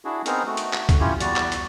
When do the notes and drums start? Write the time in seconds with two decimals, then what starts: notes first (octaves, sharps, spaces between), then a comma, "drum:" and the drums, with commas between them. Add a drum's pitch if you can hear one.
0.05 D4 E4 F#4 G#4
0.26 B3 C4 D#4 G#4 A#4, drum: hi-hat
0.47 A3 F#4
0.57 drum: hi-hat
0.73 drum: clap
0.89 drum: kick C#2, hi-hat
1.00 C#4 E4 F4 G4 C#5
1.20 E2 G3 F#4 D5, drum: hi-hat
1.36 drum: clap
1.52 drum: hi-hat